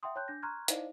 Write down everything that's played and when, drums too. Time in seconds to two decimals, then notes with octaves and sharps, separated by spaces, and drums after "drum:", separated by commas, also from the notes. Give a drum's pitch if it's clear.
0.03 E5 F#5 G5 A5 C6 D#6
0.16 C#5 G5 A5 C6 F#6 G6
0.28 D4 G6 A#6
0.42 A#5 C6 C#6 F6 F#6 G#6
0.68 D#4 E4 C5 D5 D#5 F5, drum: hi-hat